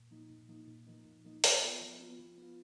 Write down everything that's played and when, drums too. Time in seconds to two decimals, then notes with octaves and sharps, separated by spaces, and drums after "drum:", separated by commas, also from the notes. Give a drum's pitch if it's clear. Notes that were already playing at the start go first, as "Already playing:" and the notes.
Already playing: A#2
0.11 F3 A#3 D#4
0.30 A#2
0.49 F3 A#3 D#4
0.67 A#2
0.87 F3 A#3 D#4
1.05 A#2
1.25 F3 A#3 D#4
1.44 F3, drum: open hi-hat
1.62 B3 F4
1.81 F3
2.00 B3 F4
2.19 F3
2.38 B3 F4